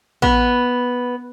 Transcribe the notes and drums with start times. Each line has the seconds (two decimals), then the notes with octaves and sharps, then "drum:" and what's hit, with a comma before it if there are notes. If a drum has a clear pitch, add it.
0.22 B3, drum: kick